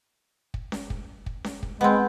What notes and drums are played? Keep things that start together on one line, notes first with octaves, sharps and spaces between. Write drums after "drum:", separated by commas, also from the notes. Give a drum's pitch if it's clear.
drum: kick
drum: snare C#4
drum: kick
drum: kick
drum: snare C#4
drum: kick
G#3 B3 C4